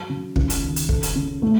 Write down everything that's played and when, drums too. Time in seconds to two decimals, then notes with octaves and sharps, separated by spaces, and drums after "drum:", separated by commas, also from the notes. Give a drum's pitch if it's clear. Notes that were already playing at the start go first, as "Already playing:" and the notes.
Already playing: F#3
0.09 C#3
0.36 C#2, drum: kick
0.50 drum: hi-hat
0.62 D#3
0.76 drum: hi-hat
0.89 A4, drum: kick
1.03 drum: hi-hat
1.15 C#3
1.42 A3